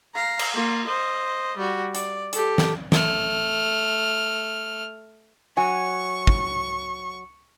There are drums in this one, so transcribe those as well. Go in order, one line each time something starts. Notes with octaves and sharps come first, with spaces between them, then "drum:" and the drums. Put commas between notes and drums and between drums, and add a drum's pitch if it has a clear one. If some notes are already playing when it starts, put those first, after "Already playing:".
F5 A#5
drum: cymbal
A#3 F4
C5 D#5
G3 F#4
D5, drum: hi-hat
G4 A4, drum: hi-hat
drum: snare
A3 F6, drum: snare
F#3 F#5 G#5 C#6
drum: kick